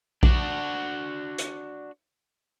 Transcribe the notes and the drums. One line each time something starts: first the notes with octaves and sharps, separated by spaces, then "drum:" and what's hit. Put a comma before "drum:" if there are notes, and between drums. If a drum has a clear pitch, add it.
D4 F#4, drum: kick A#1
drum: hi-hat